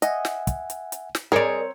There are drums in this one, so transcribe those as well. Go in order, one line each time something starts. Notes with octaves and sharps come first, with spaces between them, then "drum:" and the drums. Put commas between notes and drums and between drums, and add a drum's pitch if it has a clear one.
D#5 E5 F#5 G#5, drum: hi-hat
drum: snare
drum: kick, hi-hat
drum: hi-hat
drum: hi-hat
drum: snare
C4 G#4 A#4 C#5 D5 A#5